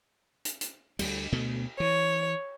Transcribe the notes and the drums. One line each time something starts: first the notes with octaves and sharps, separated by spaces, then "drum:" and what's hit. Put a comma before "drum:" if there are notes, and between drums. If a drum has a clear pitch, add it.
drum: hi-hat
drum: hi-hat
D2 G3, drum: cymbal
D2 B2 A3
E3 C#5